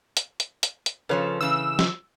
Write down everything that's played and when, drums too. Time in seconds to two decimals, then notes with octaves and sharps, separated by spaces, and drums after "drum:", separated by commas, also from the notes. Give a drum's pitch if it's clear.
0.17 drum: hi-hat
0.40 drum: hi-hat
0.63 drum: hi-hat
0.86 drum: hi-hat
1.09 C#3 F3 A4 B4 C#5
1.41 C#3 E3 E6
1.79 drum: snare